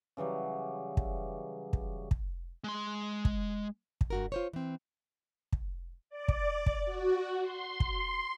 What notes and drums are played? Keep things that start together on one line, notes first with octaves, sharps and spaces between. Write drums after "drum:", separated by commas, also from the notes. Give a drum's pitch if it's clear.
C#3 E3 F#3 G3
drum: kick
drum: kick
drum: kick
G#3 C6
drum: kick
drum: kick
G2 F#4 A#4
F4 C5 C#5
E3 C4
drum: kick
D5
drum: kick
drum: kick
F#4
C6
drum: kick